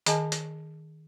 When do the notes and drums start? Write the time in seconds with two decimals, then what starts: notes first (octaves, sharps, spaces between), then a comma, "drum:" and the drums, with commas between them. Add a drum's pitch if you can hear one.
0.06 D#3 G#4 D#5 G#5 A5, drum: hi-hat
0.32 drum: hi-hat